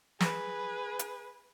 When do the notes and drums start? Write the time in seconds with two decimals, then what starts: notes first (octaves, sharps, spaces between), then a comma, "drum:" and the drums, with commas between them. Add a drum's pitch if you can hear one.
0.21 G#4 B4, drum: snare
0.99 drum: hi-hat